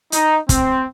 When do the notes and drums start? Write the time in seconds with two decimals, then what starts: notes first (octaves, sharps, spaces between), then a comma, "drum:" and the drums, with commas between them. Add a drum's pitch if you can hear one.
0.12 D#4, drum: hi-hat
0.49 C4, drum: kick, hi-hat